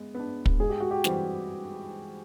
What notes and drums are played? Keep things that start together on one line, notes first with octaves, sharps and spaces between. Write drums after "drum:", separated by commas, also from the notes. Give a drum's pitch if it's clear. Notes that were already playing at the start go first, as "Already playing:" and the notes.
Already playing: G#3 B3
B3 D4
drum: kick
G#2 G#4
G4
F#4
G4
E3 G3 C4, drum: snare